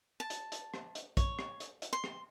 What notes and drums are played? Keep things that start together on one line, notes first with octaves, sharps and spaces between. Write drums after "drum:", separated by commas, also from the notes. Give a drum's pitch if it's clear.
A5
drum: hi-hat
drum: hi-hat
drum: rim click
drum: hi-hat
C#5, drum: kick, hi-hat
drum: rim click
drum: hi-hat
drum: hi-hat
C6
drum: rim click